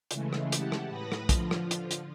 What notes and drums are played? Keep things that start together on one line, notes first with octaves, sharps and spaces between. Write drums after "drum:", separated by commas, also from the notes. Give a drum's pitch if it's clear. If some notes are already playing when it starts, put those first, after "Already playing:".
C#3 E3 G#3 A3, drum: hi-hat
drum: rim click
E4 G4 F#5 A5, drum: hi-hat
drum: rim click
A2 B4 B5 D#6 A#6
drum: rim click
D3 F3 F4, drum: kick B1, hi-hat
drum: rim click
drum: hi-hat
drum: hi-hat